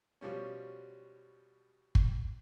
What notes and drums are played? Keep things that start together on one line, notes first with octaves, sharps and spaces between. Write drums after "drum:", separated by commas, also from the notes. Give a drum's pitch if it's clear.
B2 F3 G3 C#4
drum: kick